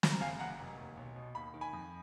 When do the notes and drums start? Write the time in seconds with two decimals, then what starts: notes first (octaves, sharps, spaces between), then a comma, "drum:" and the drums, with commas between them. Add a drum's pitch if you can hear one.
0.03 B5, drum: snare
0.12 A#5
0.21 F#1 F5 G#5
0.40 F#2 F#5 A#5
0.59 F1
0.78 D#2
0.97 B1
1.16 B2
1.35 D#2 B5
1.54 D#3
1.61 G#5 B5
1.73 F2